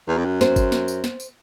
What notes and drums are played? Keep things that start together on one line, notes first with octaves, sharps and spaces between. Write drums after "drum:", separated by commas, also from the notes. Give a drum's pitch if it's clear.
E2
F2
F#2
C5, drum: snare
drum: kick G1, tambourine
drum: snare
drum: tambourine
drum: snare
drum: tambourine